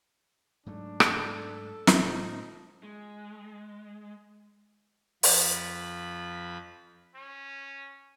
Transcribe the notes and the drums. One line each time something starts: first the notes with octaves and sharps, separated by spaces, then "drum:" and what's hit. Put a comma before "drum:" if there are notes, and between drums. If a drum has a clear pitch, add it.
G#2 F#3 A3 D4
A4, drum: rim click
A2 D3 F3 G#3 D#4, drum: snare
G#3
F2 F3 B5, drum: open hi-hat
C#4